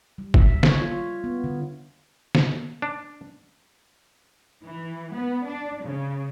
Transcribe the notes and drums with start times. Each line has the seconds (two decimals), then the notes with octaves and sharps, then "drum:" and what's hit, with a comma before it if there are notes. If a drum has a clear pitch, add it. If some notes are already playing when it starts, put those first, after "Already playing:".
0.18 G3
0.34 E5, drum: kick G1
0.63 C#5, drum: snare
0.81 F4
1.24 B3
1.44 D3
2.35 drum: snare
2.82 D4
4.64 E3
5.14 B3
5.46 D4
5.85 C#3